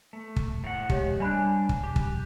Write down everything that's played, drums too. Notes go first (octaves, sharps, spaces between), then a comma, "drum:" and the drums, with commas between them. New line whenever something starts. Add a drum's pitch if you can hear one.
A3
drum: kick
A2 F#5
G#3 G4 C#5, drum: kick
G3 D4 G#5 B5 F#6
drum: kick
G4
drum: kick